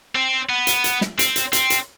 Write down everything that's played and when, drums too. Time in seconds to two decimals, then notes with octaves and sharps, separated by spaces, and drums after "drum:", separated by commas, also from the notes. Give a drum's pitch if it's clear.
0.15 C4
0.49 B3
0.67 drum: hi-hat
0.84 drum: hi-hat
1.01 drum: snare
1.19 C4, drum: hi-hat
1.36 drum: hi-hat
1.53 C4, drum: hi-hat
1.70 drum: hi-hat